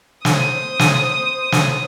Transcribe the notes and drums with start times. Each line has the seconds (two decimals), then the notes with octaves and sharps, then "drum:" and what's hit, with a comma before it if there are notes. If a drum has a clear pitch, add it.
0.25 C5 D#6, drum: snare
0.79 drum: snare
1.52 drum: snare